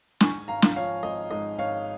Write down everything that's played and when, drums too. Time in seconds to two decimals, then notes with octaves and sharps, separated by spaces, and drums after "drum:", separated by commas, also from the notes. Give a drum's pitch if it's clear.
0.21 G#2 G#5 C#6, drum: snare
0.48 G#1 F5 A#5
0.62 drum: snare
0.76 F3 C#5 F5
1.03 G#1 D#5
1.31 G#2 D#5
1.58 G#1 C#5 F5